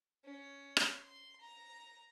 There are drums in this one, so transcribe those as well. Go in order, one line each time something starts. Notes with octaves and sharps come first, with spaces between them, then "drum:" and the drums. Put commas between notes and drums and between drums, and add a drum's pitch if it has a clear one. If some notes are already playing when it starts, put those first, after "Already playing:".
C#4
drum: rim click
C6
A#5